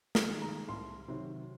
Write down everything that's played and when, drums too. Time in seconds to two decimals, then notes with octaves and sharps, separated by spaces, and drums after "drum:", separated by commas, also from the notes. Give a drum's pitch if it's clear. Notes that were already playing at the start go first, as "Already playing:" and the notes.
0.15 F6, drum: snare
0.29 D#3 G#3
0.42 A#5
0.69 C2 C6
1.08 C3 D#3 F#3